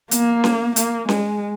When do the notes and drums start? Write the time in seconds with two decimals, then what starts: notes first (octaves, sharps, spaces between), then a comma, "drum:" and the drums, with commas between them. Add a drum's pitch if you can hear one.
0.11 A#3, drum: hi-hat
0.44 drum: snare C#4
0.76 A#3, drum: hi-hat
1.09 G#3, drum: snare C#4